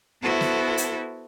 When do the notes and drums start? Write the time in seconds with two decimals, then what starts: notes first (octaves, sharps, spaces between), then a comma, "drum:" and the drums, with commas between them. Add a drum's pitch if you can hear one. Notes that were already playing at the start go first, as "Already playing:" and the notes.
0.22 B3 E4 F#4 A4 C5
0.41 drum: snare
0.78 drum: hi-hat